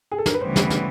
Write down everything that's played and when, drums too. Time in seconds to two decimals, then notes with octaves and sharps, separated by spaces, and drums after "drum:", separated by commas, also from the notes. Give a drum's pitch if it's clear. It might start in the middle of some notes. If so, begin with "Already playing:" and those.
0.12 G#4
0.18 A4
0.26 A#4, drum: snare
0.34 B4
0.41 D2 C#3 E3 G3 B3 C5
0.56 drum: snare
0.70 drum: snare